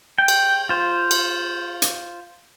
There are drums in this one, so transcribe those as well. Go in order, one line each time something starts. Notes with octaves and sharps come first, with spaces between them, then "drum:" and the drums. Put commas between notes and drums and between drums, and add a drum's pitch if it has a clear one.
G5
drum: cymbal
F4 C5
drum: cymbal
drum: hi-hat